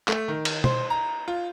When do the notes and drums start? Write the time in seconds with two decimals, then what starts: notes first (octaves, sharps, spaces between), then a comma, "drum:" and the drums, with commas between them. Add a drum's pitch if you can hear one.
0.08 A3, drum: clap
0.28 D#3
0.45 drum: cymbal
0.64 C5, drum: tom
0.90 A#5
1.28 F4